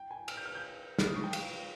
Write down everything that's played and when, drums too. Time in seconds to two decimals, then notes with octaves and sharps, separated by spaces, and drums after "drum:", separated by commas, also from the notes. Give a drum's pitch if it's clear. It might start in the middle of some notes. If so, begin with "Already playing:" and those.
Already playing: G5
0.11 G#5
0.28 F6, drum: cymbal
0.37 G6
0.46 F6
0.55 G6
0.99 F6, drum: snare
1.07 D#6
1.16 C#6
1.24 G5
1.33 F5, drum: cymbal